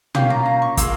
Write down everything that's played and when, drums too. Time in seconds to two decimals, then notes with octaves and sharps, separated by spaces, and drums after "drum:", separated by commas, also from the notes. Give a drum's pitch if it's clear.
0.15 A#3 C#4 F4 G5, drum: tom
0.30 A#5
0.46 A#5
0.62 C#6
0.77 A#3 F4 G#4 E6, drum: kick, hi-hat